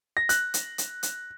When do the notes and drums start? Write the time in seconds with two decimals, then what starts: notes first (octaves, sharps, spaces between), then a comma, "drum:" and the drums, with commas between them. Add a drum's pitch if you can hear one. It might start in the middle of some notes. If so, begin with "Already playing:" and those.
0.17 A#6
0.29 F#6, drum: hi-hat
0.54 drum: hi-hat
0.78 drum: hi-hat
1.03 drum: hi-hat